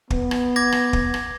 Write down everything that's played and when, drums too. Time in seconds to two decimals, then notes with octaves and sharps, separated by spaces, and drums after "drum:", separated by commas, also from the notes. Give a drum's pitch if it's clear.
0.10 B3, drum: kick
0.31 drum: rim click
0.56 D6 G#6 A#6
0.72 drum: rim click
0.93 drum: kick
1.14 drum: rim click